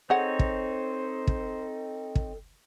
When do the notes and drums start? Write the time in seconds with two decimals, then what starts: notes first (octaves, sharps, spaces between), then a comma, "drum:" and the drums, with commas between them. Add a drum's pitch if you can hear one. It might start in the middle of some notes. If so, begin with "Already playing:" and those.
0.10 C4 D#4 G#4 A4 C5 C#5 F#5
0.39 drum: kick
1.27 drum: kick
2.15 drum: kick